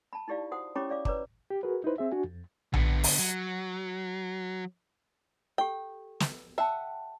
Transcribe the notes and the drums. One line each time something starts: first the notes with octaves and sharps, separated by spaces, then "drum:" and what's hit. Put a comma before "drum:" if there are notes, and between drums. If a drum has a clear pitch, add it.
A5 B5
D#4 E4 G4 D5 F5
F#4 C5 F#5 D#6
C#4 E4 G4 C#5 B5 D6
C#5 D5 F5 D6
B4 C#5 D5 A#5 D6, drum: kick
G4
F#4 G#4 A#4 B4
D#4 E4 B4 C5
C4 G#4 E5
D4 F#4 G#5
F2
D3 B3, drum: tom A#1
drum: open hi-hat
F#3
G4 A4 G5
drum: snare
E5 F#5 G5 A5